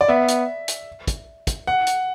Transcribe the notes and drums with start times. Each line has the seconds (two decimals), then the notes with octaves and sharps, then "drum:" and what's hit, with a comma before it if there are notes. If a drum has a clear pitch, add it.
0.01 D5
0.08 B3 E5
0.28 drum: hi-hat
0.68 drum: hi-hat
1.07 drum: kick, hi-hat
1.47 drum: kick, hi-hat
1.67 F#5
1.87 drum: hi-hat